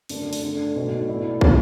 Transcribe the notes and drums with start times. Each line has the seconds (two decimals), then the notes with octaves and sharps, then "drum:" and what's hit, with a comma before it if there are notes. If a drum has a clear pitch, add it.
0.09 F#2 D3 A3 D4, drum: open hi-hat
0.33 drum: open hi-hat
0.43 D3 A3 D4
0.75 B1 B2 A3 F#4
1.09 B2 A3 E4 D5
1.41 F#3, drum: kick